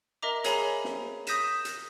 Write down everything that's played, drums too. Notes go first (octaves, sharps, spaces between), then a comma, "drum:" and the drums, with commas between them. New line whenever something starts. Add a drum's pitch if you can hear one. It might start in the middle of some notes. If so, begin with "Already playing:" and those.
A#4 D#5 E5 A#5 D6
G#4 C#5 F5 G#5 A#5 B5, drum: hi-hat
drum: snare
D#6 G6 A#6 B6 D#7 E7, drum: hi-hat
drum: hi-hat